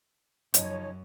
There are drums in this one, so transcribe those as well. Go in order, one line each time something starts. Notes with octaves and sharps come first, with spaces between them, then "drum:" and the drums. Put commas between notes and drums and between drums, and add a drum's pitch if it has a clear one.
F#2 C#3 F3 D#4 C#5, drum: hi-hat